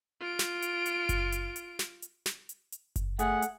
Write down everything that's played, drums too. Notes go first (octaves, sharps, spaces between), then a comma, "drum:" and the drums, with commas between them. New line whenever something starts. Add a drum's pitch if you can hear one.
F4 D7
drum: snare
drum: hi-hat
drum: hi-hat
drum: kick F#1, hi-hat
drum: hi-hat
drum: hi-hat
drum: snare
drum: hi-hat
drum: snare
drum: hi-hat
drum: hi-hat
drum: kick F#1, hi-hat
A3 G#4 F#5, drum: hi-hat
drum: hi-hat